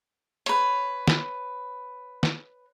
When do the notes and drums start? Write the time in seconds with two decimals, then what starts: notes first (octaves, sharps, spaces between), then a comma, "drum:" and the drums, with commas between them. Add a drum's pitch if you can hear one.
0.46 B4 C#5, drum: hi-hat
1.08 drum: snare
2.23 drum: snare